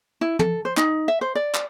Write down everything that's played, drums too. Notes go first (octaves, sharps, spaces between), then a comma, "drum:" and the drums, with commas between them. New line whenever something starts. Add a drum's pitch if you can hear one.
E4
A4, drum: tom
C5
D#4, drum: clap
E5
C5
D5
drum: clap